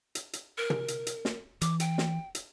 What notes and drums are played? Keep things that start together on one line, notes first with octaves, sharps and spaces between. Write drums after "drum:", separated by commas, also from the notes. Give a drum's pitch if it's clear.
drum: hi-hat
drum: hi-hat
A#4
drum: tom
drum: hi-hat
drum: hi-hat
drum: snare
E3 D6, drum: hi-hat
G5, drum: hi-hat
drum: snare
drum: hi-hat